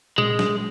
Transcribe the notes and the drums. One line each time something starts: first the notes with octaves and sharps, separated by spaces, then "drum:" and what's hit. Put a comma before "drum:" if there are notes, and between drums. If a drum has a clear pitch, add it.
G#3, drum: tom A#2
drum: snare